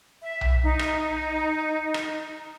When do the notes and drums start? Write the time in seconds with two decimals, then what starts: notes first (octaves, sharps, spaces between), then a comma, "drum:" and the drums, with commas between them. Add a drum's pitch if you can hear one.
0.22 E5
0.41 drum: tom B1
0.63 D#4
0.79 drum: rim click
1.94 drum: rim click